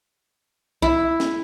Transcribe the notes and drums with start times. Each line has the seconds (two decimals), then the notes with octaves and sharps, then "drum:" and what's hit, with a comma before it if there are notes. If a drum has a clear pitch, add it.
0.82 E4, drum: kick
1.20 drum: snare